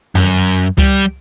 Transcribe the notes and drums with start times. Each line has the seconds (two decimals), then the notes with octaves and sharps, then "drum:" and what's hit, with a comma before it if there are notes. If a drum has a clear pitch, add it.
0.15 F#2, drum: tom F2
0.78 G3, drum: kick C#2